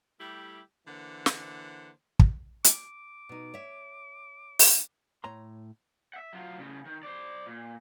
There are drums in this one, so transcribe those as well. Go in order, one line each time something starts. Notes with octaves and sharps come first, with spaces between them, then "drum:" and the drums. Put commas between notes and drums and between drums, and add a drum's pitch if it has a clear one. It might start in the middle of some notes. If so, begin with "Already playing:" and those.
G3 A3 E4 G4
D3 E3 A#3 C5 F#5
drum: snare
drum: kick
D6, drum: hi-hat
B2 D#4
C#5 E5
drum: open hi-hat
A2 C#5 A#5 C6
E5 F#5
F#3 F4
A2 C#3
D#3
C5 D5
A#2